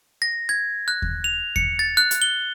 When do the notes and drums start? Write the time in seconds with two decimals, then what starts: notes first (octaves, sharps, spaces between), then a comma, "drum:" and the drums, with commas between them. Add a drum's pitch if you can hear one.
0.22 A#6
0.49 G#6
0.88 F#6
1.02 drum: kick D#2
1.24 F7
1.56 C#7, drum: kick D#2
1.79 A6
1.97 F#6
2.11 drum: hi-hat
2.22 G7